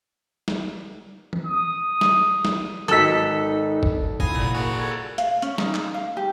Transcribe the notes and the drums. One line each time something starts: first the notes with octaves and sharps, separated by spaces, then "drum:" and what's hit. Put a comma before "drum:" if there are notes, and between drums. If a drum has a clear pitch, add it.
drum: snare
drum: tom E3
D#6
drum: snare
drum: snare
G#1 D#4 F#4 A4 D#5 D#6 E6 B6, drum: hi-hat
drum: kick G1
E4 F4 F#5 G#5 B5 D#6 A#6, drum: kick G1
C2 A#2
F#4 G#4 A#4
A4 D5 G#6
F5, drum: hi-hat
C#4, drum: hi-hat
D#4, drum: snare
drum: clap
F5
G4